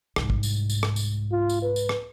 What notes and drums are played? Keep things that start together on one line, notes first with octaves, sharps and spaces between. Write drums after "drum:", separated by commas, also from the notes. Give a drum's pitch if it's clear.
C2 G#2, drum: rim click
drum: kick
drum: tambourine
drum: tambourine
drum: rim click
drum: tambourine
F4
drum: tambourine
B4
drum: tambourine
drum: rim click